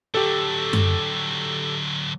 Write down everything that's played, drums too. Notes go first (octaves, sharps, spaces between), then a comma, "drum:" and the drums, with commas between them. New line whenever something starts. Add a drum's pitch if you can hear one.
D3 F#3 G4 A4
drum: tom F#2